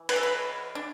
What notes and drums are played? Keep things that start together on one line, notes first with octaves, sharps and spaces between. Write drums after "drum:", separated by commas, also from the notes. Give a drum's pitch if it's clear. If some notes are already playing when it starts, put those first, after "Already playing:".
Already playing: E3
B4, drum: cymbal
A4
B4
D4